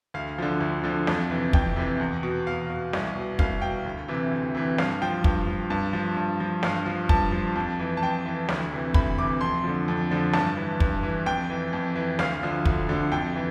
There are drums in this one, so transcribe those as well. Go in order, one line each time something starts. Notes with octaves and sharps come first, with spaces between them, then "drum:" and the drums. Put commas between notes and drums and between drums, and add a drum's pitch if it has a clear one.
D2 F5
D3 F3
D2
D3 F3
F2, drum: snare
C3 E3
F2 G5, drum: kick
C3 E3
E2
B2
E2 F5
B2
C2, drum: snare
B2
C2 F5, drum: kick
B2 G5
D2
C3 E3
D2
C3 E3
G2 F5, drum: snare
F3 G5
G2, drum: kick
F3
G2 A5
F3
G2
F3
G2 F5, drum: snare
F3
G2 A5, drum: kick
F3
F2
E3
A5
F2 G5
E3
D2, drum: snare
C3 E3
D2 B5, drum: kick
C3 E3 D6
F2 C6
D3 F3
F2
D3 F3
G2 A5, drum: snare
E3
G2, drum: kick
E3
F2 G5
E3
F2
E3
D2 F5, drum: snare
D3 F3
D2, drum: kick
D3 F3
F2 G5
E3